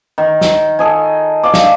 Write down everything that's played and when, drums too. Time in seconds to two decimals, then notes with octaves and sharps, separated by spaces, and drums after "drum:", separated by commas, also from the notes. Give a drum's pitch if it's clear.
0.18 D#3
0.41 drum: snare
0.79 A4 D#5 G#5
1.43 D5 F5 D6
1.54 drum: snare